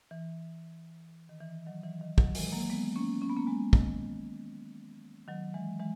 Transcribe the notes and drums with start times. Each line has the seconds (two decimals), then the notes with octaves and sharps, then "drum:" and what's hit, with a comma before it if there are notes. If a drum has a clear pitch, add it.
0.11 E3
1.29 D#3
1.40 E3
1.66 D#3 F#3
1.84 E3
2.01 D#3
2.18 D#3 F#3, drum: kick
2.35 E3 G#3, drum: open hi-hat
2.52 F#3 A#3
2.70 G#3 B3
2.96 A#3 C#4
3.22 C#4
3.29 B3
3.36 A#3 C#4
3.47 G#3 B3
3.73 D#3, drum: kick
5.28 D#3 F#3
5.54 E3 G#3
5.80 E3 G#3